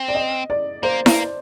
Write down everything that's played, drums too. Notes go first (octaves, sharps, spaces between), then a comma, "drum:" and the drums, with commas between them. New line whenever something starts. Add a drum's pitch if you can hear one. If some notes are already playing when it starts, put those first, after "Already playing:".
Already playing: C4
D5
D#5
D5
A#3 C5
A#3, drum: snare E4